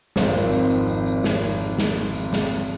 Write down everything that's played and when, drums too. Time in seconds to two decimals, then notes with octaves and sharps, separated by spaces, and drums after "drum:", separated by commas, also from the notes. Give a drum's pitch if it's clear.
0.16 G#1 F2 D#3 C4 F4, drum: snare
0.34 drum: tambourine
0.52 drum: tambourine
0.70 drum: tambourine
0.88 drum: tambourine
1.06 drum: tambourine
1.24 drum: snare
1.42 drum: tambourine
1.60 drum: tambourine
1.78 drum: snare
2.15 drum: tambourine
2.33 drum: snare
2.51 drum: tambourine